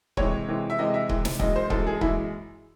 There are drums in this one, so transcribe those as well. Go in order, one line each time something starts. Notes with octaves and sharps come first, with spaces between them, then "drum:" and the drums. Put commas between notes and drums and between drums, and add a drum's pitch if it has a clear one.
C3 E3 G#3 C#5, drum: kick C#1
C3 E3 G#3
E5
C3 E3 G#3 D#5
E5
C3 E3 G#3, drum: kick C#1
drum: snare
F#2 E3 G#3 D#5, drum: kick C#1
C5
F#2 E3 G#3 A4, drum: kick C#1
G#4
F#2 E3 G#3 E4, drum: kick C#1